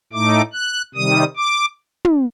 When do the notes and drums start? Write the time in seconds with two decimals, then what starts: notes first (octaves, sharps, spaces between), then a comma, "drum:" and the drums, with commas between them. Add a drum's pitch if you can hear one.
0.13 A2 A3 D#4 D6
0.53 F#6
0.95 C3 D#3 G3 D#6
1.36 D6
2.05 drum: tom